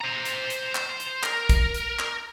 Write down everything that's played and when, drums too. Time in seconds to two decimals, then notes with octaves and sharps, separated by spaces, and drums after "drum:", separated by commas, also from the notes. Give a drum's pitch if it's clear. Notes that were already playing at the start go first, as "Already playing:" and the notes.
0.01 C5 A#5
0.25 drum: hi-hat
0.50 drum: hi-hat
0.75 drum: clap
1.00 drum: hi-hat
1.23 A#4, drum: clap
1.50 drum: kick, hi-hat
1.74 drum: hi-hat
1.99 drum: clap